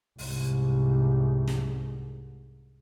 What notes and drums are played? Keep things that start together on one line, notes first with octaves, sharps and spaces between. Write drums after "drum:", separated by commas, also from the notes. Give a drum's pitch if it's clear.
C2 G#2, drum: open hi-hat
drum: snare